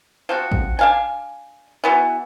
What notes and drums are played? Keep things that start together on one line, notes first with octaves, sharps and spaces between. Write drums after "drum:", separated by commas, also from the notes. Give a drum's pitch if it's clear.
F3 C4 F#4
drum: kick
D4 F5 G#5
E3 B3 F#4